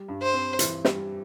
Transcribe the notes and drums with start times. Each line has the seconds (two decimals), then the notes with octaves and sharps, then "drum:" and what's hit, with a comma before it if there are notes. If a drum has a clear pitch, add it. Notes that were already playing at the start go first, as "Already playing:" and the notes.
Already playing: G3
0.08 G2
0.22 C5
0.34 C4
0.59 E3, drum: hi-hat
0.85 G3, drum: snare